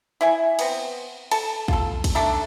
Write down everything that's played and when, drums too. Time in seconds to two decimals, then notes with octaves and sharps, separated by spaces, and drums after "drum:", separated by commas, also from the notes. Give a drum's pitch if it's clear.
0.21 E4 E5 G#5
0.59 B3 C4, drum: cymbal
1.31 A4 A5, drum: cymbal
1.68 F4 A4, drum: kick
2.04 drum: kick, cymbal
2.15 D#3 A3 D4 A4